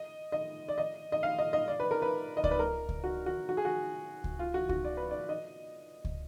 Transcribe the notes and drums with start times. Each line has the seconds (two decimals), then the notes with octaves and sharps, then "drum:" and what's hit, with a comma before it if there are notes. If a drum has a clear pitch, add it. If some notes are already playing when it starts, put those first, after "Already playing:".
Already playing: D#5
0.32 D#5
0.69 D5
0.78 D#5
1.12 D#5
1.23 F5
1.39 D#5
1.53 D#5
1.68 D5
1.80 B4
1.91 A#4
2.02 B4
2.37 D#5
2.44 D5, drum: kick C#2
2.51 B4
2.59 A#4
2.89 drum: kick C#2
3.04 F#4
3.26 F#4
3.49 F#4
3.57 G#4
3.65 F#4
4.24 drum: kick C#2
4.39 F4
4.54 F#4
4.69 F#4, drum: kick C#2
4.85 D5
4.97 B4
5.11 D5
5.29 D#5
6.05 drum: kick C#2